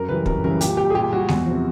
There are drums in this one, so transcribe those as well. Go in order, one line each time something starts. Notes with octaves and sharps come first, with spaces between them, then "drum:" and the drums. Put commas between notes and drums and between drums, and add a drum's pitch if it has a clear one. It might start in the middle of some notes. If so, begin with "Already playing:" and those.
Already playing: F#2 A#4
C#3 E3 G3 B4
F#2 A#4, drum: kick
C#3 E3 G3 A#4
A#2 G4, drum: hi-hat
G3 G4
G#4
A#2 G4
G3 F#4
E2, drum: snare G#3
C3 F3